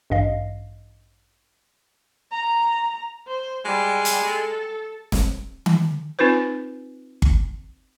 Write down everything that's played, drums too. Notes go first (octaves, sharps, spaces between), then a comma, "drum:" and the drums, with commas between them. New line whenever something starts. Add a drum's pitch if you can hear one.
A1 G2 D#5 F5
A#5
C5
G3 G#3
drum: hi-hat
A4
drum: snare
drum: tom D#3
C4 D#4 F4 B4 C5
drum: kick G1